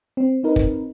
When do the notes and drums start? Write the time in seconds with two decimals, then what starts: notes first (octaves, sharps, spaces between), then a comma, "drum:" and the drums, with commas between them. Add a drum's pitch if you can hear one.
0.17 C4
0.43 C4 D#4 A#4 B4
0.56 drum: kick